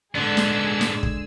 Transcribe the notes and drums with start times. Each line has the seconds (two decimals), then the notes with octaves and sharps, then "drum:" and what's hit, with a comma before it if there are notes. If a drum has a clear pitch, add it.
0.15 G#2 D3 G#3 B3 G#4 E6
0.37 drum: snare
0.81 drum: snare
1.03 drum: kick